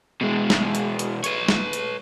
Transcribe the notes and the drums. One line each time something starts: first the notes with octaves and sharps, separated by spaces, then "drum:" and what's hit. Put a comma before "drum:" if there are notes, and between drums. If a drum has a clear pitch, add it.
B2 G#3
drum: snare
drum: hi-hat
drum: hi-hat
B4 C#5, drum: hi-hat
drum: snare
drum: hi-hat